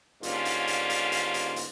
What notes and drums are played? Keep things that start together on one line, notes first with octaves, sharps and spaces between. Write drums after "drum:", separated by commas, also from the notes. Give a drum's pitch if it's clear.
G#2 D3 G3 A#3 C#4 F4, drum: hi-hat
drum: hi-hat
drum: hi-hat
drum: hi-hat
drum: hi-hat
drum: hi-hat
drum: hi-hat